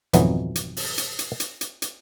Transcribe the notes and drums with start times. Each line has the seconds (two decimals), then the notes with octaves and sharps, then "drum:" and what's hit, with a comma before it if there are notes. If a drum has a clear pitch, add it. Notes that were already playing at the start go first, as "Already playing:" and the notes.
0.13 G#1 F2 B2 E3 F#3 D#4, drum: hi-hat
0.55 drum: hi-hat
0.77 drum: open hi-hat
0.98 drum: hi-hat
1.19 drum: hi-hat
1.40 drum: hi-hat
1.61 drum: hi-hat
1.82 drum: hi-hat